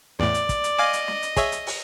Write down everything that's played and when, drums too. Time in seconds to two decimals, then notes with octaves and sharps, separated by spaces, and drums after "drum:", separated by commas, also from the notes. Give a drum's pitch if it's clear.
0.20 E2 A2 D5
0.34 drum: hi-hat
0.49 drum: kick, hi-hat
0.64 drum: hi-hat
0.78 D#5 F5 G#5 D6
0.93 drum: hi-hat
1.08 drum: snare
1.23 drum: hi-hat
1.37 G#4 C#5 E5, drum: kick, hi-hat
1.52 drum: hi-hat
1.67 drum: open hi-hat